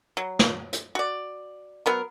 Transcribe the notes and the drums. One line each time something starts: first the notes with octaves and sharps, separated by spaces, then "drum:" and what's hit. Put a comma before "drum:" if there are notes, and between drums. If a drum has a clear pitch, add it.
F#3
drum: snare
drum: hi-hat
F#4 D5
F#3 B3 A#4